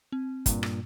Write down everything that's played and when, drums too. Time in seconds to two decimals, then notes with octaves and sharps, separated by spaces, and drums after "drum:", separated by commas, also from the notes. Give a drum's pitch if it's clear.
0.12 C4
0.46 G2 A#2, drum: kick, hi-hat
0.63 drum: rim click